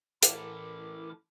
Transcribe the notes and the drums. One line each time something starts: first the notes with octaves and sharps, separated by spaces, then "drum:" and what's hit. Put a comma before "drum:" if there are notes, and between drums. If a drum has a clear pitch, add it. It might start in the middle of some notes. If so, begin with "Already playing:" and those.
E3 E4 A4 A#4 D6, drum: hi-hat